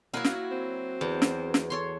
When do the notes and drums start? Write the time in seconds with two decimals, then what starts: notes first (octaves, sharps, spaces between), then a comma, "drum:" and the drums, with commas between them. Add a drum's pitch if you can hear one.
0.14 F#3 A#3 E4 F#4 A#4 F5
0.24 drum: snare
0.52 C4
1.01 E2
1.22 drum: snare
1.54 drum: snare
1.70 A4 C#5 C6